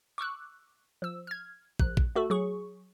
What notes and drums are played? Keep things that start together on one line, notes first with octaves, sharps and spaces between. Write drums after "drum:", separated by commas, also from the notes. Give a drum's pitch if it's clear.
C#6 D6 E6 F#6
F3 E6
F6 G#6
A#1 F#6, drum: kick
drum: kick
A3 F#4 A4
F#3 G#4 C#6